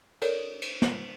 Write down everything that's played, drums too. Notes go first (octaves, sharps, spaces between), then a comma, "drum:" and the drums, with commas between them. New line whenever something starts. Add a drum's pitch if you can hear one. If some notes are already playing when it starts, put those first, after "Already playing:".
A4 A#4 C#5 D5, drum: cymbal
drum: cymbal
drum: snare